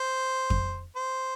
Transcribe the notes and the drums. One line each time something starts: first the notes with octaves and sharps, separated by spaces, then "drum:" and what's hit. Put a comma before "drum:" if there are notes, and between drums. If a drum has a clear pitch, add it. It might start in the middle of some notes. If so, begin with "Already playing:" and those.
Already playing: C5
drum: kick F2
C5